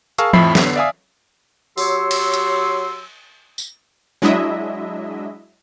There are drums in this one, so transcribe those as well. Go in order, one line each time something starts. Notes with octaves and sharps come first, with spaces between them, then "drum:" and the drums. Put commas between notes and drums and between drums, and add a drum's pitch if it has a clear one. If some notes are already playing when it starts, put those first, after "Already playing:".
G#4 A#4 F5 A5 C#6 E6, drum: hi-hat
F2 A2 F3 E5 B5 C7, drum: tom E3
D3 B3, drum: snare
D5 E5 F5 G#5 D#6
F#3 G4 C#5 C6 E6, drum: open hi-hat
drum: cymbal
drum: hi-hat
drum: tambourine
F#3 G#3 D4 E4 D#5 E5